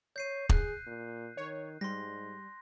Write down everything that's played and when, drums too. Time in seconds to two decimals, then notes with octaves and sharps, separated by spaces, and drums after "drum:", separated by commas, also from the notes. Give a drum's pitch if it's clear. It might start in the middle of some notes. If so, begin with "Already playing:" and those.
0.16 C#5 G6 C7 D#7
0.49 G#4 F#6, drum: kick
0.87 A#2
1.37 D#3 C#5
1.81 G#2 G3 C6 A#6